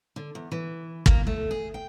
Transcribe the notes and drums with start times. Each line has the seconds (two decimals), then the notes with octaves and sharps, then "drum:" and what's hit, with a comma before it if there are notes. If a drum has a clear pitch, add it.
0.16 D3
0.35 E2
0.52 E3
1.06 A#3, drum: kick
1.27 A3
1.51 G#4
1.74 G5